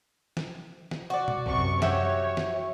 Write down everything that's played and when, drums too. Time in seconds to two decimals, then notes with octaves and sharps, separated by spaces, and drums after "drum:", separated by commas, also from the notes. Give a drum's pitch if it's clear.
0.37 drum: snare
0.91 drum: snare
1.10 F#4 D5
1.28 drum: tom B2
1.46 F#2 C3 C#6, drum: kick A#1
1.82 F#4 G4 C#5 E5, drum: snare
2.37 drum: snare